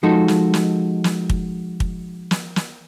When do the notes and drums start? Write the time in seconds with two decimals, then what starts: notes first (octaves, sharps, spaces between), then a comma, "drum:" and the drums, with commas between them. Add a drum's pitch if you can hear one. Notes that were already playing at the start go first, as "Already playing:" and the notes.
0.03 F3 G#3 D#4 F#4 A4
0.28 drum: snare
0.54 drum: snare
1.04 drum: snare
1.30 drum: kick
1.80 drum: kick
2.31 drum: snare
2.56 drum: snare